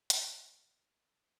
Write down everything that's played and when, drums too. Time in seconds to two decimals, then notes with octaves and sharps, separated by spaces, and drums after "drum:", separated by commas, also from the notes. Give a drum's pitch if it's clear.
0.10 F6 F#6, drum: hi-hat